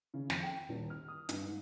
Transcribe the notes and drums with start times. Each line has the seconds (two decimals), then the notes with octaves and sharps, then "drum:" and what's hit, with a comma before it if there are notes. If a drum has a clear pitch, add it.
0.14 C#3
0.30 F2, drum: snare
0.43 G5
0.69 D#1
0.90 F6
1.08 D#6
1.29 G2, drum: hi-hat
1.46 G#2